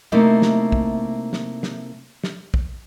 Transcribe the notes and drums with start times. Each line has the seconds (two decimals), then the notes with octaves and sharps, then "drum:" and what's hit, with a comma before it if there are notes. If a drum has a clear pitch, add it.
0.12 C3 A3 A#3 D#4 E4 C5
0.42 drum: snare
0.72 drum: kick
1.33 drum: snare
1.63 drum: snare
2.24 drum: snare
2.54 drum: kick